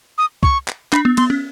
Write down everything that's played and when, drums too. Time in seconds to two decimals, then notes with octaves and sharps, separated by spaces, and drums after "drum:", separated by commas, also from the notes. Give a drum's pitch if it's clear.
0.18 D#6
0.43 C#6, drum: kick
0.68 drum: clap
0.93 D4 B5, drum: clap
1.05 B3
1.17 B3 C6, drum: cymbal
1.30 C#4